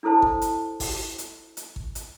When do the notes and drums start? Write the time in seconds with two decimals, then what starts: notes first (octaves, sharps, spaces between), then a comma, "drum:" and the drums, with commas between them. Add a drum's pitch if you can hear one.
0.03 D4 E4 A4 C5 A5
0.22 drum: kick G#1
0.41 drum: hi-hat
0.80 drum: kick G#1, open hi-hat
1.18 drum: hi-hat
1.57 drum: hi-hat
1.76 drum: kick G#1
1.95 drum: hi-hat